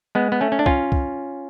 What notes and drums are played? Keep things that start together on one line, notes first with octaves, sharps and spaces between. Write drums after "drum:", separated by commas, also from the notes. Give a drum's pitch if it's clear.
G#3 B3
B3
A3 C#4
C#4
D4
C#4 F4, drum: kick C2
drum: kick C2